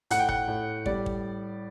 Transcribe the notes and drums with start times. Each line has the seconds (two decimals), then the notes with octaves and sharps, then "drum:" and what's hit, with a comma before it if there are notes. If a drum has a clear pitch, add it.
0.10 A2 F#5, drum: hi-hat
0.19 G5
0.29 F#5, drum: kick
0.48 A2
0.86 G3 D5, drum: kick
1.06 drum: kick